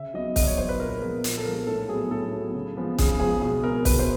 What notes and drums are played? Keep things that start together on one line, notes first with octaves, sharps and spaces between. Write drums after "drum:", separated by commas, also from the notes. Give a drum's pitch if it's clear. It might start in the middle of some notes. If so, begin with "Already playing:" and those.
Already playing: C#3 E5
F#3 B3 D#5
C#3 D#5, drum: kick, open hi-hat
D5
C#5
F#3 B3 C5
B4
A#2 A#4
F3 G#3 B3 A#4
A#2, drum: hi-hat
A4
F3 G#3 B3 A#4
A2 A4
F#3 B3 G#4
A2 A4
F#3 B3
C#3
F3 G#3 B3
C#3 G#4, drum: kick, hi-hat
F3 G#3 B3 G#4
B2 G#4
G#3 B3 A#4
B2 B4, drum: kick, open hi-hat
C5